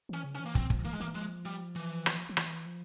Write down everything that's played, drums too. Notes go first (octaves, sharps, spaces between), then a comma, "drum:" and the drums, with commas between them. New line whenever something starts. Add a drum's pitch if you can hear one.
E3 C#4
C#3
C#4
E3
A#3
F3 C4, drum: kick
F3, drum: kick
E3 A#3
G#3
E3 A#3
F3 G#3
G3
E3
drum: rim click
F3
E3, drum: rim click
F3